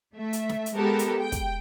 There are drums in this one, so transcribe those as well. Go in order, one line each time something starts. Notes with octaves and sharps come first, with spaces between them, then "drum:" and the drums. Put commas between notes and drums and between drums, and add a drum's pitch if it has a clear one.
A3 E5
drum: hi-hat
drum: snare
drum: hi-hat
G#3 B3 G4 A4 A#4
drum: hi-hat
G5
drum: kick, hi-hat